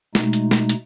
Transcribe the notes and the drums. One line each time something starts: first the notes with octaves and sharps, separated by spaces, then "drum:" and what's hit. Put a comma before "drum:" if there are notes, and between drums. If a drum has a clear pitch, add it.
B2 G#3 A3 D#4, drum: snare
drum: hi-hat
drum: snare
drum: hi-hat